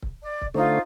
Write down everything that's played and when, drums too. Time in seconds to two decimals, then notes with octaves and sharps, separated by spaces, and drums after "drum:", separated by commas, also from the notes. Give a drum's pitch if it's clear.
0.03 drum: kick C#1
0.23 D5
0.42 drum: kick C#1
0.55 D3 A3 D#4 F4 C5